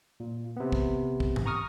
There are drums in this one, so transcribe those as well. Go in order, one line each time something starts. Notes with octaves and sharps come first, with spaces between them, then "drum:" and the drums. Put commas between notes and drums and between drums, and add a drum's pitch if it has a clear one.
A#2
C3 B3
drum: kick
drum: kick
drum: tom G#2
A#5 C#6 D#6 F6